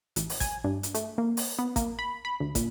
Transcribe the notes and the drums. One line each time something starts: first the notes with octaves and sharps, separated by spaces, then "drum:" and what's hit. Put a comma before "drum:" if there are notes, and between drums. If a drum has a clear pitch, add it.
A1, drum: hi-hat
drum: open hi-hat
G#5, drum: kick, hi-hat
G2
drum: hi-hat
A3, drum: hi-hat
A#3
drum: open hi-hat
B3
A#3, drum: kick, hi-hat
B5
B5
D2
A#2, drum: kick, hi-hat